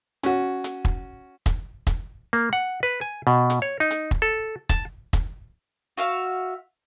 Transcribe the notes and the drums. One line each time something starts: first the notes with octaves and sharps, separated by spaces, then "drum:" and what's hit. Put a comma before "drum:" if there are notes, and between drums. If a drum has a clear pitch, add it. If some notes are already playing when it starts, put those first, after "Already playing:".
C#4 F#4, drum: hi-hat
drum: hi-hat
drum: kick
drum: kick, hi-hat
drum: kick, hi-hat
A#3
F#5
B4
G#5
B2
drum: hi-hat
C#5
D#4
drum: hi-hat
drum: kick
A4
A5, drum: kick, hi-hat
drum: kick, hi-hat
F#4 E5 F5